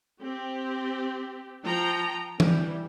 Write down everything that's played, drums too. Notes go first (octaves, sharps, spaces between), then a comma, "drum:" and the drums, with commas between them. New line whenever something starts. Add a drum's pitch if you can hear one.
C4 G4
F3 G5 A#5
E3 G3, drum: tom E3